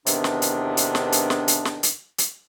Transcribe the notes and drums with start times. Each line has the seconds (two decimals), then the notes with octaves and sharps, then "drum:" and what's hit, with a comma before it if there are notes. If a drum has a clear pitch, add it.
0.06 E2 C3 D#3 E3 B3 D4, drum: hi-hat
0.24 drum: snare
0.42 drum: hi-hat
0.77 drum: hi-hat
0.95 drum: snare
1.12 drum: hi-hat
1.30 drum: snare
1.48 drum: hi-hat
1.65 drum: snare
1.83 drum: hi-hat
2.18 drum: hi-hat